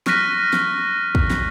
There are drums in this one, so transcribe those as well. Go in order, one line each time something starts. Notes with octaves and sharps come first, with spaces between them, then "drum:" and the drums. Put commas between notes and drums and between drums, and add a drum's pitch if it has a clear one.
C#6 F6 F#6 A#6 B6 D#7, drum: snare
drum: snare
drum: kick
drum: snare